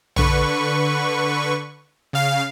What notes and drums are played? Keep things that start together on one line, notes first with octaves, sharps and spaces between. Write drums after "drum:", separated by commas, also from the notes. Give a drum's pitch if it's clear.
D3 B4 C#6, drum: tom
C#3 F5